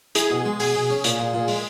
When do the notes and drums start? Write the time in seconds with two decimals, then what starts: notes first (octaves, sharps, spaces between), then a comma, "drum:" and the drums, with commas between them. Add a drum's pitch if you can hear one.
0.15 E4 G#4, drum: hi-hat
0.30 B2
0.45 G#3
0.60 B2 G#4, drum: open hi-hat
0.74 B2
0.90 C#4
1.04 A#2, drum: hi-hat
1.19 A#2
1.34 A#2
1.48 G#3, drum: open hi-hat